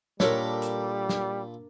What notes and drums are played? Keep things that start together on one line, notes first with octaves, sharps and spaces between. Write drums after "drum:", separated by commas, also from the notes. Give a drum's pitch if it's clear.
A#2 G3 D4 A4 A#4 C#5 B5, drum: snare
drum: hi-hat
drum: snare